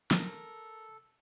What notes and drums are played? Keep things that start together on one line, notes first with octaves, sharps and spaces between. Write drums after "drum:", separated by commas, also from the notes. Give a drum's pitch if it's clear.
A4 A#4, drum: snare